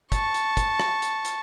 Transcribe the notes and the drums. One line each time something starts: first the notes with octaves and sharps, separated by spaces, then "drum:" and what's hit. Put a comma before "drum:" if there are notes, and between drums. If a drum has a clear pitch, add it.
A5 C#6, drum: kick, hi-hat
drum: hi-hat
drum: kick, hi-hat
drum: rim click
drum: hi-hat
drum: hi-hat